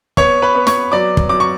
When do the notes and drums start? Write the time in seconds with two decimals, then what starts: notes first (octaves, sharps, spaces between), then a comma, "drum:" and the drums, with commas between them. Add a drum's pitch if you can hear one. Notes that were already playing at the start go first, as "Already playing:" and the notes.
0.17 B3 C#5 C#6, drum: kick
0.42 B4 B5
0.55 B3
0.67 C#5 C#6, drum: snare
0.92 F#3 D5 D6
1.17 drum: kick
1.29 F#3 D6
1.40 C#6